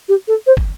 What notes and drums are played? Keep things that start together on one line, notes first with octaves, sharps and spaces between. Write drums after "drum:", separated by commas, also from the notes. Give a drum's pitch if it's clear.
G4
A4
C5
drum: kick